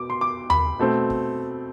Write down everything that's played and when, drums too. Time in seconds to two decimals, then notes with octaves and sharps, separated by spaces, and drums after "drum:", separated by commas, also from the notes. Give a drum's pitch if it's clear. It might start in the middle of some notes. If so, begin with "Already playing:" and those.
Already playing: B2 B3 D6
0.10 C6
0.21 D6
0.50 B5, drum: tom D#2
0.79 B2 A3 C4
1.10 drum: kick